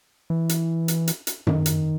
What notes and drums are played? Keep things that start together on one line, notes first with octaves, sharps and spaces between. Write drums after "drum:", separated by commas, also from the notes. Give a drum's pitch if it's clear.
E3
drum: hi-hat
drum: hi-hat
drum: hi-hat
drum: hi-hat
D#3, drum: tom F#2
drum: hi-hat